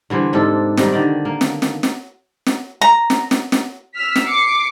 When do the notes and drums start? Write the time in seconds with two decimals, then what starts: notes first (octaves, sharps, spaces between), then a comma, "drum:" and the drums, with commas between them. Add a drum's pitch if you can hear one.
0.10 D3 E3 G3 C5
0.33 G#2 C3 D4 A4
0.77 C3 D#3 G3, drum: snare
0.93 D3 D#3 D5
1.25 A#3
1.41 drum: snare
1.62 drum: snare
1.83 drum: snare
2.46 drum: snare
2.81 A#5
3.10 drum: snare
3.31 drum: snare
3.52 drum: snare
3.95 E6 F6 B6
4.16 drum: snare
4.25 D6 C7 C#7